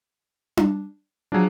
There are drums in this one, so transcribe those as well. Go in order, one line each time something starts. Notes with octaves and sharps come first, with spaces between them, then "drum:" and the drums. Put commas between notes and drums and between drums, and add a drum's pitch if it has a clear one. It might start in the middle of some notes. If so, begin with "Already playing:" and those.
drum: tom D4
F3 F#3 D4 G#4